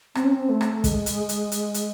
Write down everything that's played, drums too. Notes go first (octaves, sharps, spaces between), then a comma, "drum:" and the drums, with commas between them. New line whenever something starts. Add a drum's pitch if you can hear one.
C4, drum: rim click
C#4
C4
A3
drum: rim click
G#3, drum: kick, hi-hat
drum: hi-hat
drum: hi-hat
drum: hi-hat
drum: hi-hat